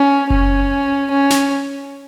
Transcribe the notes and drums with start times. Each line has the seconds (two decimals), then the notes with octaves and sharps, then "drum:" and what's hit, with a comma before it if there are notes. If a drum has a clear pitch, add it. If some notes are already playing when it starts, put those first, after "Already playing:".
Already playing: C#4
0.30 C#4, drum: kick F#1
1.10 C#4
1.30 drum: snare